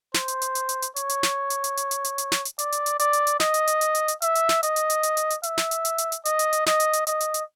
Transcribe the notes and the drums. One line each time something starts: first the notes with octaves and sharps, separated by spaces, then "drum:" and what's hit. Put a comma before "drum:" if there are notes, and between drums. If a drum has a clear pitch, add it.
C5, drum: snare
drum: hi-hat
drum: hi-hat
drum: hi-hat
drum: hi-hat
drum: hi-hat
C#5, drum: hi-hat
drum: hi-hat
drum: snare
drum: hi-hat
drum: hi-hat
drum: hi-hat
drum: hi-hat
drum: hi-hat
drum: hi-hat
drum: snare
drum: hi-hat
D5, drum: hi-hat
drum: hi-hat
drum: hi-hat
D5, drum: hi-hat
drum: hi-hat
drum: hi-hat
D#5, drum: snare
drum: hi-hat
drum: hi-hat
drum: hi-hat
drum: hi-hat
drum: hi-hat
E5, drum: hi-hat
drum: hi-hat
drum: snare
D#5, drum: hi-hat
drum: hi-hat
drum: hi-hat
drum: hi-hat
drum: hi-hat
drum: hi-hat
E5, drum: hi-hat
drum: snare
drum: hi-hat
drum: hi-hat
drum: hi-hat
drum: hi-hat
D#5, drum: hi-hat
drum: hi-hat
drum: hi-hat
D#5, drum: snare
drum: hi-hat
drum: hi-hat
D#5, drum: hi-hat
drum: hi-hat
drum: hi-hat